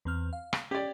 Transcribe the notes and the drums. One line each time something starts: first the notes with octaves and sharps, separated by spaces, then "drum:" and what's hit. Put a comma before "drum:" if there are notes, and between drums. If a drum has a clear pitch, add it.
E2 C4 F6
F5
drum: rim click
C#4 G4 D5